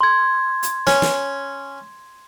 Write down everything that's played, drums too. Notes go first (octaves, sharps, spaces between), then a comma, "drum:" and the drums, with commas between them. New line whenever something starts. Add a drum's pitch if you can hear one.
C6 G#6
drum: hi-hat
C#4, drum: snare
drum: snare